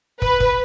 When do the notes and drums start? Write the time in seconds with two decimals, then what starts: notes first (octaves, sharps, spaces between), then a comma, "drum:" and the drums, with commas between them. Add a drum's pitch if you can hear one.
0.22 B4, drum: kick
0.40 drum: kick